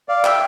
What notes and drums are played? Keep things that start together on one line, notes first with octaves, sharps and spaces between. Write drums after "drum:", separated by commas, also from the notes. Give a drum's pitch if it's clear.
D5 F5
E5 G5, drum: clap